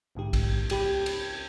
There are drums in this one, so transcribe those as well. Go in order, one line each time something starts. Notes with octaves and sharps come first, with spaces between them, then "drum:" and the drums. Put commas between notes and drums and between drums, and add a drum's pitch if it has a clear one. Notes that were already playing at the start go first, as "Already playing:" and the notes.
A#1 G#2 D3 G4
drum: kick A#1, cymbal
C#2 G4 B5, drum: cymbal
drum: cymbal